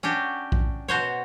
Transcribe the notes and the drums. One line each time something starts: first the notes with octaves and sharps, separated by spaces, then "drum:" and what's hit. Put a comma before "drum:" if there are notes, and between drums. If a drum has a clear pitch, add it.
C#4 D4 F#4 G4
drum: kick A#1
B2 F#4 C5 C#5